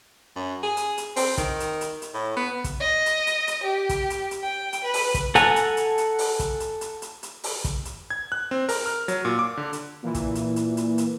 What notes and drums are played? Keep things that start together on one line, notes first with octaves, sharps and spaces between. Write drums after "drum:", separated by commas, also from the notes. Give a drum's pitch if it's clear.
F#2
G#4
drum: hi-hat
drum: hi-hat
C4, drum: open hi-hat
D#3, drum: kick, hi-hat
drum: hi-hat
drum: hi-hat
drum: hi-hat
A2
B3
drum: kick, hi-hat
D#5
drum: hi-hat
drum: hi-hat
drum: hi-hat
G4
drum: kick, hi-hat
drum: hi-hat
drum: hi-hat
G5
drum: hi-hat
B4
drum: open hi-hat
drum: kick, hi-hat
A4 F#5 G#5 A#5, drum: hi-hat
drum: hi-hat
drum: hi-hat
drum: hi-hat
drum: open hi-hat
drum: kick, hi-hat
drum: hi-hat
drum: hi-hat
drum: hi-hat
drum: hi-hat
drum: open hi-hat
drum: kick, hi-hat
drum: hi-hat
G#6
F#6
C4
A#4, drum: open hi-hat
F6
F#3, drum: hi-hat
A#2
D6
D3
drum: hi-hat
A#2 E3
drum: kick, hi-hat
drum: hi-hat
drum: hi-hat
drum: hi-hat
drum: hi-hat